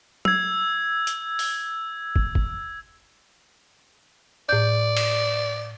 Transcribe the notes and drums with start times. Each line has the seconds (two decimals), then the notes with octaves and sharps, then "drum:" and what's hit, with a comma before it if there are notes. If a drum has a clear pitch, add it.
0.25 E6 G#6, drum: tom F#3
1.07 drum: hi-hat
1.39 drum: open hi-hat
2.16 drum: kick
2.35 drum: kick
4.49 A2 D5 G6
4.97 drum: cymbal